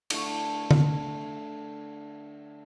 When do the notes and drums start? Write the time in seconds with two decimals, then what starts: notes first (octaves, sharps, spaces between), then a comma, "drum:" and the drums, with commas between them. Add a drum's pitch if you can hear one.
0.10 D3 A3, drum: cymbal
0.71 drum: tom D3